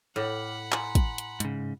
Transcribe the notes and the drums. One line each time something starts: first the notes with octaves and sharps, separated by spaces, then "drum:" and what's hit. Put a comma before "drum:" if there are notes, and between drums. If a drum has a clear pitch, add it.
A2 A4 F#5 B5 D6 F6
G#5 A#5 C6, drum: clap
drum: kick, hi-hat
drum: hi-hat
G#2 C#3, drum: hi-hat